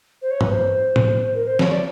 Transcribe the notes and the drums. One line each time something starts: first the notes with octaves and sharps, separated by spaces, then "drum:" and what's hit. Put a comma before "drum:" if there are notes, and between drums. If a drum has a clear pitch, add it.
C5
C#5
B4, drum: tom G2
C5
drum: tom A2
A#4
C5
C#5, drum: snare
D5